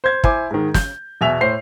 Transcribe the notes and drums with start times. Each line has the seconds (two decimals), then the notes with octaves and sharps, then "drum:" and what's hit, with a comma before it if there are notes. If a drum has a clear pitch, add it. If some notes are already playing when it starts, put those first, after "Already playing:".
0.04 C5 G#6
0.24 E4 C5 G#5 D6, drum: kick
0.51 G#2 D#3
0.74 G6, drum: snare
1.21 E2 B2 E5 G#5 F7
1.41 A2 C5 C7